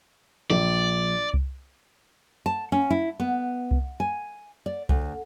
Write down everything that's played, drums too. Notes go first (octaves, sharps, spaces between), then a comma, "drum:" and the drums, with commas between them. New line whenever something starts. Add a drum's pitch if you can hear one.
A#1 D5
drum: kick C2
A5
C#4
E4
B3
drum: kick C2
G#5
D5
D2, drum: kick C2